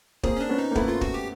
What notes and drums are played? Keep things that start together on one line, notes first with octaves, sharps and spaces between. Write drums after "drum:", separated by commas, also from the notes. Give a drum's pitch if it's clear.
A#3 C4 G#4, drum: kick
C#4
D4
B3 C#4
D#4
A#3
A3 B3 E4, drum: kick
F4
F#4, drum: kick
G4